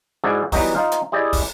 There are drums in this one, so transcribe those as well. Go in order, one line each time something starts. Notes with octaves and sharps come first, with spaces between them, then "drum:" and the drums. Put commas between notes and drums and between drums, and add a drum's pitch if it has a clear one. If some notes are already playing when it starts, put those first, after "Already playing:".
G#2 E4 F#4 G#4 D5
E3 F#3 G3 B3 D#4 F#4, drum: kick, open hi-hat
D#4 F4 F5
drum: hi-hat
E4 G4 G#4 D5 D#5
drum: kick, open hi-hat